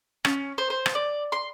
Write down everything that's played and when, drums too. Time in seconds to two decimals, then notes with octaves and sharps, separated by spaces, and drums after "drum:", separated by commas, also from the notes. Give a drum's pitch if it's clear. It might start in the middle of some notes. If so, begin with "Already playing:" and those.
0.25 C#4, drum: rim click
0.58 C5
0.70 C5
0.86 drum: rim click
0.95 D5
1.32 C6